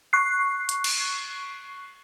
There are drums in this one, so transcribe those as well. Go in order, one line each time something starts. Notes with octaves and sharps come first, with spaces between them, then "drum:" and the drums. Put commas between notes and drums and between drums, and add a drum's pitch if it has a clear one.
C#6 F#6 C7
drum: hi-hat
drum: cymbal